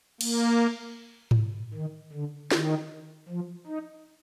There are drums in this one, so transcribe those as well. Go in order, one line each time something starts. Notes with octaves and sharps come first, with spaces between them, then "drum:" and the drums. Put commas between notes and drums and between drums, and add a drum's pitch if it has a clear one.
A#3, drum: cymbal
drum: tom G#2
D#3
D3
D#3, drum: snare
F3
D#4